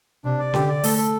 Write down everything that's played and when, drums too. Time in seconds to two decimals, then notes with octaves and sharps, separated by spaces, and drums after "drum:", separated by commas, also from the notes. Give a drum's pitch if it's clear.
0.24 C3 D4
0.39 D5
0.54 D3 G4, drum: snare C#4
0.69 D5
0.84 A3 A4, drum: open hi-hat
0.98 A4